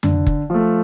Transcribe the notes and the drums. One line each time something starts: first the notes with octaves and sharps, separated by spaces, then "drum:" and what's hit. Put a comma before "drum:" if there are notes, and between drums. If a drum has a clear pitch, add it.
D3, drum: tom F2
drum: kick F#1
F3 A3